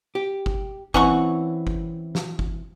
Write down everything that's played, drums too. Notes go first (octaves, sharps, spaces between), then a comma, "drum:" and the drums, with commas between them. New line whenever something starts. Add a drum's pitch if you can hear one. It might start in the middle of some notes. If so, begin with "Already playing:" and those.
G4
drum: kick G1
E3 C4 C#4 E4 F#5 C#6, drum: kick G1
drum: kick G1
drum: snare
drum: kick G1